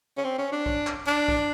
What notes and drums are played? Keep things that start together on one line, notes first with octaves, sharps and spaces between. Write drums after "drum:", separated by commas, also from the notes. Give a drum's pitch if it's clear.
C#4
C4
C#4
D4
drum: kick B1
drum: clap
D4
drum: kick B1